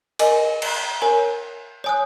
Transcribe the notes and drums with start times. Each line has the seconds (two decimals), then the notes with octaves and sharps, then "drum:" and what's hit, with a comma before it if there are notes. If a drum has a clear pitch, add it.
0.19 A#4 D#5 G#5, drum: cymbal
0.62 drum: cymbal
1.02 A#4 C#5 G#5
1.84 C#5 G#5 D#6 F#6